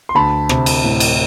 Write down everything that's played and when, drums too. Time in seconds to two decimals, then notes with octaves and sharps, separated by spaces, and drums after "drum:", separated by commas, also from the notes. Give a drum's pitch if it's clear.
0.09 C6
0.15 D2 A5 B5
0.49 C3, drum: rim click
0.66 drum: cymbal
0.84 A2
1.00 drum: cymbal